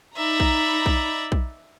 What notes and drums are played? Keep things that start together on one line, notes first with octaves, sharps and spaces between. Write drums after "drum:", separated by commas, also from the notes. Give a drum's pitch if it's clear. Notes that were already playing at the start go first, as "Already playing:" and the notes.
D#4 D5 E5 A#5 B5
drum: kick B1
drum: kick B1
drum: kick B1